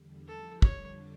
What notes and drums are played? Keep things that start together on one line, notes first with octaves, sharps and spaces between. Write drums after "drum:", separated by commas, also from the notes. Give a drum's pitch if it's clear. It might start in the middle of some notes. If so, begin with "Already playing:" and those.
Already playing: E2 D3 G3
C#3 F3 A3 E4 G4 A4
F2 D3 G3 D4 C#5, drum: kick